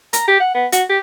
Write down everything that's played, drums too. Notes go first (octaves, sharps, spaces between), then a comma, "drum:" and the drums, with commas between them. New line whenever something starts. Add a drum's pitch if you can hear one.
A#5, drum: hi-hat
G4
F#5
B3
F#4, drum: hi-hat
G4